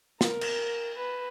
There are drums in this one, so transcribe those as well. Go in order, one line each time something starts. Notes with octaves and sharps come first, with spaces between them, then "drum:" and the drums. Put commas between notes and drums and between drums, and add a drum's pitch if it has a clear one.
A#4, drum: snare
drum: cymbal
B4